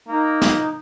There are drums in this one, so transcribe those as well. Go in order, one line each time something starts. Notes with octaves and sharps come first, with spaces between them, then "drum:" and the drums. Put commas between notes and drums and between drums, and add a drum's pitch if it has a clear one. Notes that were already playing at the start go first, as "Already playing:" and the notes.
A#3 D#4
drum: snare